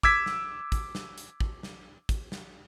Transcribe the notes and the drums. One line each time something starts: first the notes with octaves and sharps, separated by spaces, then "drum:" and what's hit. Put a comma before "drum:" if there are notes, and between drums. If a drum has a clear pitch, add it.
D6 E6 G#6 B6, drum: kick
drum: snare
drum: kick, hi-hat
drum: snare
drum: hi-hat
drum: kick
drum: snare
drum: kick, hi-hat
drum: snare